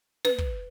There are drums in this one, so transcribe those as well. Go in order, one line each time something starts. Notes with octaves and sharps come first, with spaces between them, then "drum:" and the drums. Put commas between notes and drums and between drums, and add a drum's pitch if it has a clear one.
B4, drum: snare
drum: kick